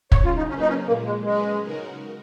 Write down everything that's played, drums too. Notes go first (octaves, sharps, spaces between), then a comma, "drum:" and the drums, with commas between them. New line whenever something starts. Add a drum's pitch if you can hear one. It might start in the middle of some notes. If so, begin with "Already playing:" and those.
C#3 F#3 C#4 C#5, drum: kick
F4
D#4
C#3 F#3 A#3 C#4 F4 B4
D#4
C#4
A#2 F3 G#3 A#3
G#3
F#3 G#3 C#4 G#4 B4
C#3 G#3 D#4 F#4 A#4